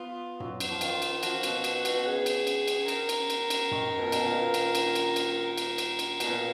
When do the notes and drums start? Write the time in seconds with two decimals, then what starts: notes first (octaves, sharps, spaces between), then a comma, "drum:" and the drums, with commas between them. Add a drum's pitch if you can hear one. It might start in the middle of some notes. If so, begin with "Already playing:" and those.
Already playing: B3 F4
0.40 F#3, drum: tom F#2
0.60 drum: cymbal
0.70 F3
0.81 D#3 F4, drum: cymbal
1.02 drum: cymbal
1.23 F3 F#4, drum: cymbal
1.43 B2, drum: cymbal
1.64 drum: cymbal
1.85 B2, drum: cymbal
2.05 C#3 G#4
2.26 drum: cymbal
2.47 drum: cymbal
2.68 drum: cymbal
2.88 A#4, drum: cymbal
3.09 drum: cymbal
3.30 drum: cymbal
3.50 drum: cymbal
3.71 D#3, drum: tom F#2
3.99 B2
4.06 A#2
4.12 B2, drum: cymbal
4.27 A#2
4.54 drum: cymbal
4.75 drum: cymbal
4.95 drum: cymbal
5.16 drum: cymbal
5.37 A#4
5.58 drum: cymbal
5.78 drum: cymbal
5.99 drum: cymbal
6.20 B2, drum: cymbal
6.26 A#2